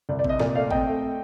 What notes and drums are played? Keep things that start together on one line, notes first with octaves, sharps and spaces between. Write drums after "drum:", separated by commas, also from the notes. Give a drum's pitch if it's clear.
C2 D5
D5
C3, drum: kick
D#5
A#2 D5, drum: snare
A3 D5 F5
C4 D#5 G5, drum: kick
A3